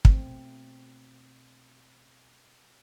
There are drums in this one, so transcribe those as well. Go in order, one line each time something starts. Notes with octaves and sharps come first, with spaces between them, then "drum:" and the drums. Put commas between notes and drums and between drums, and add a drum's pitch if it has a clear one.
B2 A3 C4, drum: kick